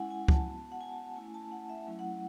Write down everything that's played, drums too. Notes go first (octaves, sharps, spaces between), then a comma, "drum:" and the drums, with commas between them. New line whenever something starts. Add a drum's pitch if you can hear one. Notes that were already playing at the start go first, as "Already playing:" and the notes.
Already playing: G#3 C#4 E4 F#5 G#5
G#5
A5, drum: kick C#2
B3 F#4
F#5
G#5
A5
G#5
A3 C#4 E4 G#5
A5
F#5
E5
F#3 A3 C#4 E4
F#5